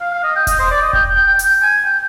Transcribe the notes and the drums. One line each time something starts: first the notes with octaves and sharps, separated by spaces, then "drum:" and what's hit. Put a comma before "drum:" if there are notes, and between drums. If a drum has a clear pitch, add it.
F5
F5
D#5
G5
D#5, drum: kick E1, hi-hat
C5
D5
D#5
G5, drum: kick E1
G5
G5
G5, drum: hi-hat
G#5
G5